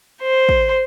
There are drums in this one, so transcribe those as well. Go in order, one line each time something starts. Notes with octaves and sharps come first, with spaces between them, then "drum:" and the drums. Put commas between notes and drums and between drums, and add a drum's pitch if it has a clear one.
C5
drum: kick